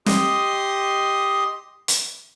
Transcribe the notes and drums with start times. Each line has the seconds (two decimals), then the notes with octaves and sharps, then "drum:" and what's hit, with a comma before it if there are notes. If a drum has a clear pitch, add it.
0.06 G4 D#5 C6 D#6, drum: snare
1.88 drum: hi-hat